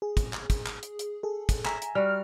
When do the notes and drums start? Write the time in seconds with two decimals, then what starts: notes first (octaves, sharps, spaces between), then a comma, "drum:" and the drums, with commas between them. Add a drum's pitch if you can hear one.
0.02 G#4
0.17 drum: kick, hi-hat
0.33 drum: clap
0.50 drum: kick, hi-hat
0.66 drum: clap
0.83 drum: hi-hat
0.99 drum: hi-hat
1.23 G#4 A4
1.49 drum: kick, hi-hat
1.65 E5 G#5 A#5, drum: clap
1.82 drum: hi-hat
1.95 G3 F#4 F6